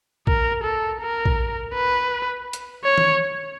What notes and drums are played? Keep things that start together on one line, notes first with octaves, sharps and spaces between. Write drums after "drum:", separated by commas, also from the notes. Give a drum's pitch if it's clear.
A#4, drum: kick
A4
A#4
drum: kick
B4
drum: hi-hat
C#5
drum: tom D#3